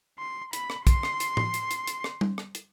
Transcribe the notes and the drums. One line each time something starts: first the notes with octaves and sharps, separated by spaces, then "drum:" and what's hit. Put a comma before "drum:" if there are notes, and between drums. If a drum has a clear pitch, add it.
C6
B5, drum: hi-hat
drum: rim click
C6, drum: kick, hi-hat
drum: rim click
drum: hi-hat
drum: tom A2
drum: hi-hat
drum: hi-hat
drum: hi-hat
drum: rim click
drum: tom G3
drum: rim click
drum: hi-hat